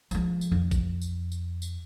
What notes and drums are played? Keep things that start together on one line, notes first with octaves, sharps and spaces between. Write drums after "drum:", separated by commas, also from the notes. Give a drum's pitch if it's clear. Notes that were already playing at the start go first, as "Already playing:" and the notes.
F3 G#3, drum: tambourine
drum: tambourine
F2
drum: kick, tambourine
drum: tambourine
drum: tambourine
drum: tambourine